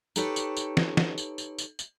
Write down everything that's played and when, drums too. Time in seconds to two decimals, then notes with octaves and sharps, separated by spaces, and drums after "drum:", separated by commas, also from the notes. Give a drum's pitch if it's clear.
0.16 D#4 G4 A4 B4 C#5, drum: tambourine
0.36 drum: tambourine
0.57 drum: tambourine
0.77 drum: snare
0.97 drum: snare
1.18 drum: tambourine
1.38 drum: tambourine
1.58 drum: tambourine
1.79 drum: tambourine